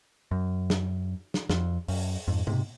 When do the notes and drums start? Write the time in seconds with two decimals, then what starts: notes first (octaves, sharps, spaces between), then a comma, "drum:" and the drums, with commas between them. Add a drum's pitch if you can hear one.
0.31 F#2
0.70 drum: snare
1.34 drum: snare
1.50 F2, drum: snare
1.88 F#2, drum: open hi-hat
2.28 F2 G#2
2.47 G#2 C3, drum: tom B2